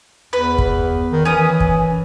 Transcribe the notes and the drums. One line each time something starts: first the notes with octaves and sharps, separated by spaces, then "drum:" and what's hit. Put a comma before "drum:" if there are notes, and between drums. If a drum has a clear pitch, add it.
E2 B4
drum: kick
D#3
E3 C#4 D#6
drum: kick